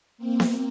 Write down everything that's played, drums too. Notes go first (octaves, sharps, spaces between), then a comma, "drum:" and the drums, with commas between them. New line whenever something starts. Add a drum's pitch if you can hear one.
A#3 C4
drum: snare B3